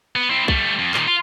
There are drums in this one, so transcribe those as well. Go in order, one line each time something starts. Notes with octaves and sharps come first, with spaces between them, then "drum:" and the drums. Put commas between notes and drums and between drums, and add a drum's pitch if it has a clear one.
B3
C4 E4
G3 A3, drum: kick C2
F2
A#2 D#3, drum: clap
F4